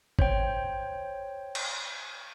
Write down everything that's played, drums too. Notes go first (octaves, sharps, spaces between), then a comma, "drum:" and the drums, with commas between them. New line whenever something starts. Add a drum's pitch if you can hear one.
C5 C#5 G5, drum: kick G1
drum: cymbal